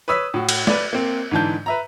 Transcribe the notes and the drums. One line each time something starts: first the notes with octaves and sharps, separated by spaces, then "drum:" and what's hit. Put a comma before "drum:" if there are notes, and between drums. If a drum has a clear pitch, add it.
B4 C#5 D#6 E6 B6
A2 F#4
drum: cymbal
B4 D5, drum: snare
A#3 C4
G#2 D3 E3 A5 G6
B4 E5 A#5